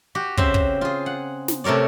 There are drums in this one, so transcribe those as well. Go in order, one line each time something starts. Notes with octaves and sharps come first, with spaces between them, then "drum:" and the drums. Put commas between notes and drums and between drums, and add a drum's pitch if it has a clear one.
F#4 G4
C#3 C4 C5 E5, drum: kick
drum: kick
F4 G#4
F#5
drum: snare
C3 A3 A#4 C#5 D5